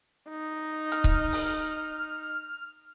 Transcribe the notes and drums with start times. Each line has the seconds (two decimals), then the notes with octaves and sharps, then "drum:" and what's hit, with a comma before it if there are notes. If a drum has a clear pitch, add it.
0.29 D#4
0.92 F6, drum: hi-hat
1.04 drum: kick C#1
1.32 drum: open hi-hat